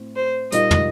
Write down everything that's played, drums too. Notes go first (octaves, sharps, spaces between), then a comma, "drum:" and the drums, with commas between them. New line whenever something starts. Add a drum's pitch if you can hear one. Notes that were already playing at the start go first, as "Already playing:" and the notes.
Already playing: A2 C4
C5
A#2 G3 A#3 D#4 D#5, drum: hi-hat
drum: tom